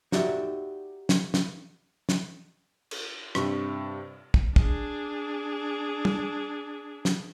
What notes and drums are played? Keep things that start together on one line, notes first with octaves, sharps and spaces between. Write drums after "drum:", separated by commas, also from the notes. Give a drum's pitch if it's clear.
D#4 F#4 G4 D5 E5, drum: snare
drum: snare
drum: snare
drum: snare
drum: cymbal
G2 C3 C#6, drum: rim click
drum: kick
D4 G#4, drum: kick
drum: tom
drum: snare